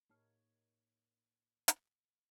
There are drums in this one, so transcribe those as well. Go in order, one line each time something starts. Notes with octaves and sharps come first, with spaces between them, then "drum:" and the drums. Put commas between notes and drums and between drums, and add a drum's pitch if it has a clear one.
A2 A#3 D#4 C#5 A5 F6
drum: hi-hat